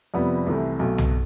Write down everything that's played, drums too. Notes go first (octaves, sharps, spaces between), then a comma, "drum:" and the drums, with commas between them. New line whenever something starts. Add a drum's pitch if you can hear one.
F2 C3 G3 B3
C2 C3 E3 A3
B1 B2 A3
drum: tom